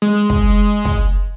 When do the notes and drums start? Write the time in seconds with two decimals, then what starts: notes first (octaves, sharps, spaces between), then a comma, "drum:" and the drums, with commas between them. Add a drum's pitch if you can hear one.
0.02 G#3
0.30 drum: kick
0.85 drum: kick, hi-hat